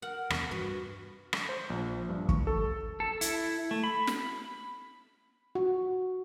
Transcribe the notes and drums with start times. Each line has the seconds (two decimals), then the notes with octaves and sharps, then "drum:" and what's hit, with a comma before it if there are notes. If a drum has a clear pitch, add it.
0.02 A#4 F#5
0.30 E2 C3, drum: rim click
0.51 G2 F#4 B4
1.33 drum: rim click
1.49 C5
1.70 A#1
2.09 G2
2.29 C#6, drum: kick
2.47 A4
3.00 A4
3.21 E4, drum: hi-hat
3.71 A3
3.84 B5
4.07 drum: snare
5.55 F#4